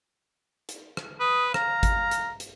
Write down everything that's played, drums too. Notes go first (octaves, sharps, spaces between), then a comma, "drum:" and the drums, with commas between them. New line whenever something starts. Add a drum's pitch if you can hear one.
drum: hi-hat
drum: rim click
B4 D#6
F5 A#5, drum: rim click
drum: kick G#1, hi-hat
drum: hi-hat
drum: hi-hat